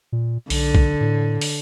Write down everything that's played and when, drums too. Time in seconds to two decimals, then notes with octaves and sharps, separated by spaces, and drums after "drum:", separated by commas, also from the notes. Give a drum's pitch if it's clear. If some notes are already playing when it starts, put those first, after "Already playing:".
0.12 A#2
0.50 B1 D3, drum: open hi-hat
0.75 drum: kick B1
1.01 A2
1.41 drum: open hi-hat